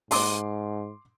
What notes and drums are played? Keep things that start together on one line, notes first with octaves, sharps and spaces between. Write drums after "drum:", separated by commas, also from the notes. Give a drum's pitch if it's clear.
G#2 C6 D6, drum: open hi-hat